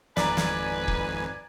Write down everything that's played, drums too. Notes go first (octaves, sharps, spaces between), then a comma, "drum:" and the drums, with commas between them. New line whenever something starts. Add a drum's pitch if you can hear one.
G#1 F2 B4 D5 G#5 A#5, drum: snare
drum: snare
drum: kick